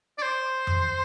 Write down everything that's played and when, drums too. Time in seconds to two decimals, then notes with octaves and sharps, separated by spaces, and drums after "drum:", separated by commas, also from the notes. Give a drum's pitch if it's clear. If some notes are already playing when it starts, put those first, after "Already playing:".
0.18 D5
0.22 C5
0.67 drum: tom F2